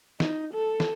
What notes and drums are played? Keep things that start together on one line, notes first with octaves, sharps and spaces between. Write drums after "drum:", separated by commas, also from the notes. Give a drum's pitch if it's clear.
D#4, drum: snare
A4
drum: snare